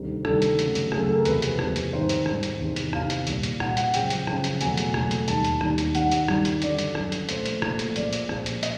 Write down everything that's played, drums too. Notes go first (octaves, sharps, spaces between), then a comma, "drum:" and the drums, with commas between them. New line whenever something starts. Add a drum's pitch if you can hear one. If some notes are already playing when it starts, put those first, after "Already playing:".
Already playing: D2 C3 D#3 G3
D2 C3 D#3 G3 A4, drum: rim click
drum: hi-hat
F#2 C#3 F#3 A3, drum: hi-hat
drum: hi-hat
F#2 C#3 F#3 A3 G#4, drum: rim click
A4
A#4
E2 C3 F3 G#3 B4, drum: hi-hat
drum: hi-hat
E2 C3 F3 G#3, drum: rim click
drum: hi-hat
G#2 D#3 G3 C5
drum: hi-hat
G#2 D#3 G3, drum: rim click
drum: hi-hat
E2 C3 D#3
drum: hi-hat
E2 C3 D#3 F5, drum: rim click
drum: hi-hat
A#2 G3, drum: hi-hat
drum: hi-hat
A#2 G3 F#5, drum: rim click
F#5, drum: hi-hat
F#2 C#3 F3 G#3 G5, drum: hi-hat
drum: hi-hat
F#2 C#3 F3 G#3, drum: rim click
drum: hi-hat
E2 B2 F#3 A3 G#5, drum: hi-hat
drum: hi-hat
E2 B2 F#3 A3, drum: rim click
drum: hi-hat
D#2 D#3 G3 A5, drum: hi-hat
drum: hi-hat
D#2 D#3 G3, drum: rim click
drum: hi-hat
G2 D#3 G3 F#5, drum: hi-hat
drum: hi-hat
G2 D#3 G3, drum: rim click
drum: hi-hat
F#2 D3 F#3 D5, drum: hi-hat
drum: hi-hat
F#2 D3 F#3, drum: rim click
drum: hi-hat
A#2 F3 A3 C5, drum: hi-hat
drum: hi-hat
A#2 F3 A3, drum: rim click
drum: hi-hat
A#2 F3 G#3 D5, drum: hi-hat
drum: hi-hat
A#2 F3 G#3, drum: rim click
drum: hi-hat
D#5, drum: hi-hat